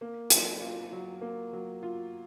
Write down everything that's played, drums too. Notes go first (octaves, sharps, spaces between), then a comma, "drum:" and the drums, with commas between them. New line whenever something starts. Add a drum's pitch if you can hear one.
A#3
F#3, drum: hi-hat
F4
F#3
A#3
F#3
F4